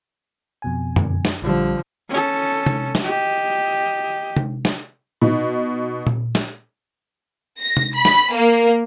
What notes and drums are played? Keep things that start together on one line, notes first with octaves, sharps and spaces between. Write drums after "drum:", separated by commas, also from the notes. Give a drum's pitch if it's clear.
F2 B2 G#5
drum: tom F#2
drum: snare
A#1 D3 F3 G3
C#4 A4
drum: tom C3
drum: snare
G4 D#5
drum: tom C3
drum: snare
B2 D#4
drum: tom A#2
drum: snare
A#6
drum: tom C3
B5
drum: snare
A#3